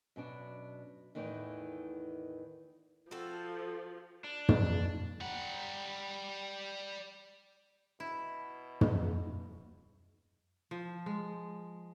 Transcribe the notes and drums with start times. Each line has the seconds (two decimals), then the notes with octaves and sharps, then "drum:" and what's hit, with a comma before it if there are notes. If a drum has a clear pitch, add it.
0.16 F#2 B2 D4
1.15 E2 A2 D#3 E3
3.11 F3 C4 F#4 A4
4.24 D4
4.49 drum: tom
5.21 G3 F#5
8.00 B2 E4
8.81 drum: tom
10.71 F3
11.06 G#3